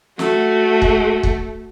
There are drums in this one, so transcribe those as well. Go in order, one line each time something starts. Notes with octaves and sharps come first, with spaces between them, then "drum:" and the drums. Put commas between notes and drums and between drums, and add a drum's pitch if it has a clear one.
A3 F#4, drum: snare
drum: kick
drum: kick